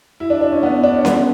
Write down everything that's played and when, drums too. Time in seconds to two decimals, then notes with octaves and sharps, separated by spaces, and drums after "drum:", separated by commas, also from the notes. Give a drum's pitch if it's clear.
0.20 E4
0.30 D4
0.41 D4
0.52 C#4
0.63 B3
0.83 D4
0.94 C#4
1.05 B3, drum: snare C#4